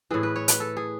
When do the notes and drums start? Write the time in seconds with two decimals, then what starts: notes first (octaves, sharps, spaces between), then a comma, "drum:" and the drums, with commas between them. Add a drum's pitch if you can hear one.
0.10 A2 E3 G#4
0.23 B4
0.36 C#5
0.48 B4, drum: hi-hat
0.60 A4
0.77 G#4